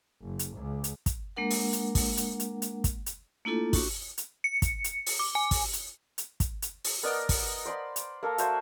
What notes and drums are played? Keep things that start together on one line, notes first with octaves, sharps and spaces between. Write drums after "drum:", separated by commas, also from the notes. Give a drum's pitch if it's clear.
F#1
drum: hi-hat
C#2
drum: hi-hat
drum: kick, hi-hat
G#3 A#3 D4 A#4 F#5
drum: open hi-hat
drum: hi-hat
drum: kick, open hi-hat
drum: hi-hat
drum: hi-hat
drum: hi-hat
drum: kick, hi-hat
drum: hi-hat
A3 A#3 D4 E4 F4 A4
D4 F#4 C#6, drum: kick, open hi-hat
drum: hi-hat
C#7
drum: kick, hi-hat
drum: hi-hat
drum: open hi-hat
D6
G#5
drum: kick, open hi-hat
drum: hi-hat
drum: hi-hat
drum: kick, hi-hat
drum: hi-hat
drum: open hi-hat
B3 A#4 D5 D#5
drum: kick, open hi-hat
C5 D5 B5 C6
drum: hi-hat
A#3 A4 F5 A#5
F#4 C5 D5 E5, drum: hi-hat